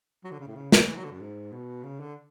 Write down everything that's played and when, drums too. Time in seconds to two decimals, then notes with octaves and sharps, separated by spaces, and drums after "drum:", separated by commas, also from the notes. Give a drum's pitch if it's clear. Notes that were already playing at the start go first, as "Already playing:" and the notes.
0.24 F#3
0.32 D3
0.40 C#3
0.47 A2
0.56 C#3
0.72 E3, drum: snare
0.87 E3
0.96 F#3
1.04 D3
1.12 F#2
1.20 G#2
1.52 B2
1.84 C#3
2.00 D3